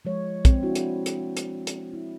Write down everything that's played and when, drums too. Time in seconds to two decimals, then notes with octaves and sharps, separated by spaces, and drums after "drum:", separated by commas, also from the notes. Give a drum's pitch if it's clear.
0.05 F3 G#3 C#5
0.45 C4, drum: kick, hi-hat
0.63 D4 E4 F#4
0.75 drum: hi-hat
1.06 drum: hi-hat
1.37 drum: hi-hat
1.67 drum: hi-hat
1.93 E4